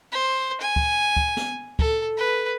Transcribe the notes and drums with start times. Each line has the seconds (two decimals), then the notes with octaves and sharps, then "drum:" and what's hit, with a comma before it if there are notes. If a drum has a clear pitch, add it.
0.12 C5
0.61 G#5
0.76 drum: kick C#2
1.17 drum: kick C#2
1.37 drum: snare
1.79 A4, drum: kick C#2
2.17 B4